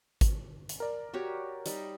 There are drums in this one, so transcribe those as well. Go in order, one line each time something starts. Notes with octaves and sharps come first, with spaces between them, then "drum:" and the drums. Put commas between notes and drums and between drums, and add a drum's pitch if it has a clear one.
drum: kick G#1, hi-hat
drum: hi-hat
A#4 D5
F#4 G4 C#5
G3 D#4, drum: hi-hat